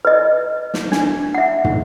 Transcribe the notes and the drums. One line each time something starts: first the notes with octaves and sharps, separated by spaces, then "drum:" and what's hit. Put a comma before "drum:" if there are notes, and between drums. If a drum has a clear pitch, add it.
B4 D#5
drum: snare
D4, drum: snare
E5 F#5
drum: tom